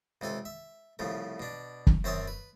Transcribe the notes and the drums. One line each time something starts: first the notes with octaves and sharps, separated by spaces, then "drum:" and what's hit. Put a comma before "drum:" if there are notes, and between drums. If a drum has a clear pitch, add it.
C#2 C3 A4 G#5
E5
C2 C#3 F3 A3
B2 D4
drum: kick
F#2 C4 C#5 E5 A5 D#6
B4